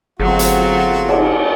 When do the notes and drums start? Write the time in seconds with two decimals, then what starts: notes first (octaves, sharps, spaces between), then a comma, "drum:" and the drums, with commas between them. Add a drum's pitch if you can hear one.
0.20 G1 F#3 A3 C4 F4 F#4 G#4
0.39 drum: hi-hat
1.09 drum: cymbal